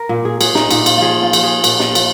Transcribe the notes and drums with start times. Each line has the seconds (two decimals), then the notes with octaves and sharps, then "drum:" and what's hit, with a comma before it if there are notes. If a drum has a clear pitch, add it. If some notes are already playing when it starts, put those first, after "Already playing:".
Already playing: A#4
0.09 A#2
0.25 G#4
0.41 A#2 G#4, drum: cymbal
0.55 D#4, drum: snare
0.71 A#2 D#4, drum: cymbal
0.86 F4, drum: cymbal
0.98 F3 F4 G#4
1.23 F4
1.33 F3, drum: cymbal
1.44 G#4
1.64 A#2, drum: cymbal
1.80 drum: snare
1.95 F3, drum: cymbal